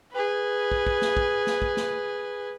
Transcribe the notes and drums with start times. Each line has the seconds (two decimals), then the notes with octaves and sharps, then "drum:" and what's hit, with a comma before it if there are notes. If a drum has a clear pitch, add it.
0.11 G#4 B4
0.72 drum: kick
0.87 drum: kick
1.02 drum: snare
1.17 drum: kick
1.47 drum: snare
1.62 drum: kick
1.77 drum: snare